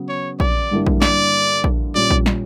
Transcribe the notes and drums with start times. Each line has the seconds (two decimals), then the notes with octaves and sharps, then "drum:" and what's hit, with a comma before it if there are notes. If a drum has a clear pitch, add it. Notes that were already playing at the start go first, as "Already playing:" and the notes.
Already playing: C#3 F#3 B3
0.09 C#5
0.40 D5, drum: kick A#1
0.71 G2 D3 G3 A#3 E4
0.87 drum: kick A#1
1.02 D5, drum: snare
1.64 drum: kick A#1
1.95 A#2 G3 C#4 D5
2.11 drum: kick A#1
2.26 drum: snare